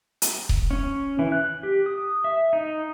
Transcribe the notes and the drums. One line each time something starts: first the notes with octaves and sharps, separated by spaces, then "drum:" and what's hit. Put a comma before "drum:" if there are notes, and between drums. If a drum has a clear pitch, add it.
drum: hi-hat
drum: kick D#1
C#4
E3
F#6
G4
D#6
E5
D#4